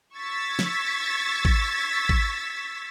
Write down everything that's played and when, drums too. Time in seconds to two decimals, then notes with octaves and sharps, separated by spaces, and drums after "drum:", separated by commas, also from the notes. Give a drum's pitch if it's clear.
0.16 C#6 E6 G#6 A6 B6
0.59 drum: snare
1.45 drum: kick
2.09 drum: kick